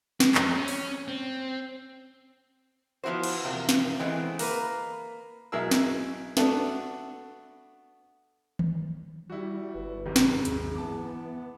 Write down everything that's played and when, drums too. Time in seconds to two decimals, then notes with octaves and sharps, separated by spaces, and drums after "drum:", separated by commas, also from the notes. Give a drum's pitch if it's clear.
0.20 G#3, drum: snare
0.35 F2 C4, drum: clap
0.57 C#4
0.68 drum: open hi-hat
1.08 C4
3.04 F3 B3 E4 F#4 C5
3.23 drum: cymbal
3.43 E2 C3 F3 A#3
3.69 drum: snare
3.99 E3 G#3 A3 B3 C4
4.39 A#3 B4, drum: open hi-hat
5.52 B1 E4 G#4 A#4 E6
5.71 drum: snare
6.37 A3 B3 D4 F#4 A4, drum: snare
8.59 drum: tom D#3
9.30 G3 E4 F#4
9.75 G1 B4
10.06 G#1 F#2 C3 G#4
10.16 drum: snare
10.45 D#2, drum: hi-hat
10.75 E3 B3 A5 D6